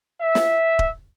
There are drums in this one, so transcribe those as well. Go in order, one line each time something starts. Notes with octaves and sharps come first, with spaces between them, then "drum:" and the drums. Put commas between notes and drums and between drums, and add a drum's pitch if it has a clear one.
E5
drum: snare
drum: kick D#1